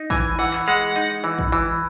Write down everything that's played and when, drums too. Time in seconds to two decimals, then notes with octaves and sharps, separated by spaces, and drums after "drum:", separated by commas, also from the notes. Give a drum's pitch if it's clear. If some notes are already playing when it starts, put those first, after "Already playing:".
Already playing: D#4
0.10 E3 G#5, drum: kick
0.39 E3 F#5
0.53 drum: clap
0.67 G#3 F#5
0.96 D#4
1.24 E3
1.39 drum: kick
1.52 E3